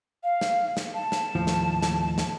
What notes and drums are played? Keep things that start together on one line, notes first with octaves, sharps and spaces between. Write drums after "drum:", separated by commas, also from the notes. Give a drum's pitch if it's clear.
F5
drum: snare
drum: snare
A5
drum: snare
D#2 A2 F3
drum: snare
drum: snare
drum: snare